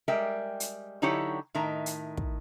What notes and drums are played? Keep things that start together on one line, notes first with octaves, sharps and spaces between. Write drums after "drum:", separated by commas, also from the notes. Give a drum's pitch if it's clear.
G3 G#3 A#4 E5 G5
drum: hi-hat
D3 F#3 D#4 E4 G4 C#5
A2 D#3 E5 A#5
drum: hi-hat
drum: kick